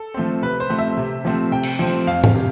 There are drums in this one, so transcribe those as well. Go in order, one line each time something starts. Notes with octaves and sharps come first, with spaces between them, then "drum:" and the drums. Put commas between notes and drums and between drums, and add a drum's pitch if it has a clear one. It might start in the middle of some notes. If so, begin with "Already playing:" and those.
Already playing: A4
F3 A3 C4
C3 B4
C5
F3 A3 C4
E5
C3
F3 A3 C4
C3 G5
drum: cymbal
F3 A3 C4
F2 F5
drum: tom G#2
C3